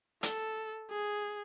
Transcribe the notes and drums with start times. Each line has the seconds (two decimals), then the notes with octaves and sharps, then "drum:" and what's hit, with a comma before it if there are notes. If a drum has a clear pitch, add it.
0.23 A4, drum: hi-hat
0.91 G#4